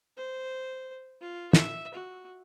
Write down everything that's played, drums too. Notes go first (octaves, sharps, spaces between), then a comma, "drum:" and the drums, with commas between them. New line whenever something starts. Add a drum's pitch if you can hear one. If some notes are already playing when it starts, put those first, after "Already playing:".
C5
F4
E5, drum: snare
F#4